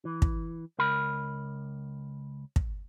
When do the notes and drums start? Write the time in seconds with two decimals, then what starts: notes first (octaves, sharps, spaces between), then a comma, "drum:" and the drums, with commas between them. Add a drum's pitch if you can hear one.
0.05 E3
0.22 drum: kick
0.79 C#2 A#4 B5
2.56 drum: kick